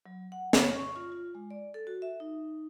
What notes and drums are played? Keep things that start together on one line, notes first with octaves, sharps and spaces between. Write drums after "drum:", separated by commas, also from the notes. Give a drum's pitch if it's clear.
F#3
F#5
C#5, drum: snare
C#6
F4
F4
G#3
D5
A4
F#4
E5
D#4